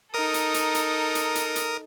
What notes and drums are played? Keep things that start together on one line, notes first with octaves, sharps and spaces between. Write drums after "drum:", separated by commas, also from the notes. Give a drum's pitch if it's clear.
D#4 A4 A#4 D#6
drum: hi-hat
drum: hi-hat
drum: hi-hat
drum: hi-hat
drum: hi-hat
drum: hi-hat